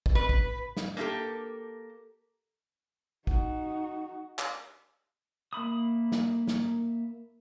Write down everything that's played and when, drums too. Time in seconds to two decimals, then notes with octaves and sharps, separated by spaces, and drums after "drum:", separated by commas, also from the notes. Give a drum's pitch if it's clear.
0.06 drum: kick
0.15 B4
0.29 drum: kick
0.77 drum: snare
0.97 A#3 C#4 E4 G4 A4
3.27 D#4 F#4, drum: kick
4.39 drum: clap
5.53 A#3 E4 B5 D#6
6.12 drum: snare
6.47 drum: snare